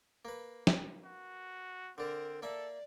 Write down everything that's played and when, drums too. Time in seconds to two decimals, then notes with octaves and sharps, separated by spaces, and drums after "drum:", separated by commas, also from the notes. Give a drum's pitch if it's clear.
0.25 A#3 B4
0.67 drum: snare
1.04 F#4
1.98 D3 C4 D4 A#4
2.43 A#3 A4 D5 E5